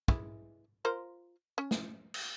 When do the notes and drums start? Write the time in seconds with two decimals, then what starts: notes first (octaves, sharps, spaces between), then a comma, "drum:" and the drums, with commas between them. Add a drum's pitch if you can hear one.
0.08 E3 G#3 E4, drum: kick
0.85 F4 A#4 C5
1.58 C#4
1.71 drum: snare
2.14 drum: cymbal